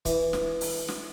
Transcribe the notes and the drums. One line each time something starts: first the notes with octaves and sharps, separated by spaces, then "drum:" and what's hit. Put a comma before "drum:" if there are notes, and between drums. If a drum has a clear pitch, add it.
E3, drum: kick C#1, hi-hat
drum: snare
drum: open hi-hat
drum: snare